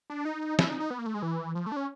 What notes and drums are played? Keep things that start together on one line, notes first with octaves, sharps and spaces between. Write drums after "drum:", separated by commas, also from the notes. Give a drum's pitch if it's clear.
D4
D#4
E4, drum: snare
D#4
D#4
B3
A#3
A3
G#3
E3
F3
A3
D4
C#4